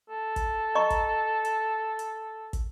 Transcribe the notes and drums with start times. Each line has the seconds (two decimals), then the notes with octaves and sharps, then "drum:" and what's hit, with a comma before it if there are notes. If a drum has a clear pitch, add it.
0.09 A4
0.36 drum: kick, hi-hat
0.75 D#5 A#5 C#6
0.90 drum: kick, hi-hat
1.45 drum: hi-hat
1.99 drum: hi-hat
2.53 drum: kick, hi-hat